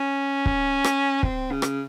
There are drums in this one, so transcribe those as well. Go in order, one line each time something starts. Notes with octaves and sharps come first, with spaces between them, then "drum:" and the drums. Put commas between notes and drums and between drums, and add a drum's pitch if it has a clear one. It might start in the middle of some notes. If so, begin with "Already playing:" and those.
Already playing: C#4
drum: kick
drum: rim click
C4, drum: kick
C#3
drum: rim click